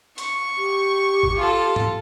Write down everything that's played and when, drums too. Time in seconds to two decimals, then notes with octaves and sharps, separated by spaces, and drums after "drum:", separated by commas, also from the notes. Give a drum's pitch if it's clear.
0.18 C#6, drum: hi-hat
0.57 G4
1.23 drum: kick G#1
1.37 F4 A4
1.76 drum: tom G#2